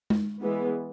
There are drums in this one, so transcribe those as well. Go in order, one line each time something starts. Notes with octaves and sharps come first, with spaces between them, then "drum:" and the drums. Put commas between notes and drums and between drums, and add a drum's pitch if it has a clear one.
drum: tom G#3
E3 G#3 B3